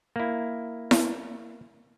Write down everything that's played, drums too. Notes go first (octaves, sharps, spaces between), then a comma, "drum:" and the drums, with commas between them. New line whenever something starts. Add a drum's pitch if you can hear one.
A#3 E4
drum: snare E4